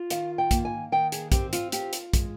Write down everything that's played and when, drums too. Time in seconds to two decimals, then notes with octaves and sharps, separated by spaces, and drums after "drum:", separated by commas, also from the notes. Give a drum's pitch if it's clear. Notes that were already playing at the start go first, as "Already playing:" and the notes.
Already playing: F4
0.10 D#3 F5, drum: hi-hat
0.38 G5
0.51 A#3, drum: kick, hi-hat
0.65 G#5
0.92 D#3 G5
1.12 G#4, drum: hi-hat
1.32 C4 G4, drum: kick, hi-hat
1.53 F4, drum: hi-hat
1.72 F4 G4, drum: hi-hat
1.93 drum: hi-hat
2.14 G#3, drum: kick, hi-hat